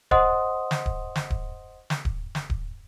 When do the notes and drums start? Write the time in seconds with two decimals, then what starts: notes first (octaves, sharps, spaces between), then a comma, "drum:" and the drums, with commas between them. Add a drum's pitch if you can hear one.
0.11 C5 D#5 F#5 C6 D#6, drum: kick D1
0.71 drum: snare
0.86 drum: kick D1
1.16 drum: snare
1.30 drum: kick D1
1.90 drum: snare
2.05 drum: kick D1
2.35 drum: snare
2.50 drum: kick D1